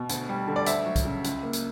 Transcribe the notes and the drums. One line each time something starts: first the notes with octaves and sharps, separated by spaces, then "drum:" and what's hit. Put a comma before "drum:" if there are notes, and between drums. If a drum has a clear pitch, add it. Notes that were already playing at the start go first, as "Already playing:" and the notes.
Already playing: B2
D2, drum: hi-hat
G3
D3
D5
D2 E5, drum: hi-hat
F#3
drum: kick, hi-hat
C#3
C#2, drum: hi-hat
A#3
drum: hi-hat